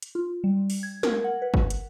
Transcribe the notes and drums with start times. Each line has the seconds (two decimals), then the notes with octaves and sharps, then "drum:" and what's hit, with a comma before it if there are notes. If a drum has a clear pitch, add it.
0.02 drum: hi-hat
0.15 F4
0.44 G3
0.70 drum: open hi-hat
0.83 G#6
1.03 A#4, drum: snare
1.24 F#5
1.42 B4
1.54 drum: kick G1
1.70 drum: hi-hat